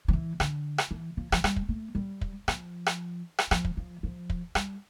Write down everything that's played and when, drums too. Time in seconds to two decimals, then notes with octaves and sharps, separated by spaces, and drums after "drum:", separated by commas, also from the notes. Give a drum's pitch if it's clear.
0.08 F3
0.13 E3
0.40 D3, drum: rim click
0.78 drum: rim click
0.91 E3
1.17 F3
1.32 F3, drum: rim click
1.44 G3, drum: rim click
1.56 drum: kick
1.69 A3
1.95 G3
2.21 drum: kick
2.48 F3, drum: rim click
2.86 drum: rim click
3.38 drum: rim click
3.51 F3, drum: rim click
3.65 drum: kick
3.77 F3
4.03 F3
4.30 drum: kick
4.55 G3, drum: rim click